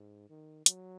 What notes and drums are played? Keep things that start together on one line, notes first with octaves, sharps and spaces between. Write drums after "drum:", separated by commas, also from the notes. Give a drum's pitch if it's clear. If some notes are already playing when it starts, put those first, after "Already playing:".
Already playing: G#2
D#3
F#3, drum: hi-hat